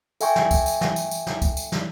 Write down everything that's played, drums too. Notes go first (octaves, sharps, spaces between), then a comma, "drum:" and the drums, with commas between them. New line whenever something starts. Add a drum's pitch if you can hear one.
A4 E5 G5 G#5 C#6, drum: tambourine
drum: snare
drum: kick, tambourine
drum: tambourine
drum: snare
drum: tambourine
drum: tambourine
drum: snare
drum: kick, tambourine
drum: tambourine
drum: snare